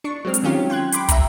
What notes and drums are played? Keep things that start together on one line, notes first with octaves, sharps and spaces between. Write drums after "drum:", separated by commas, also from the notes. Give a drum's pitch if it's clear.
D4 C#6
F#3 G#3 C4 F6
drum: hi-hat
D#3 F#3 C#4 F4 G4
G5 C6 F#6 G#6
G5 B5 C6 D6, drum: hi-hat
E5 A#5, drum: kick, hi-hat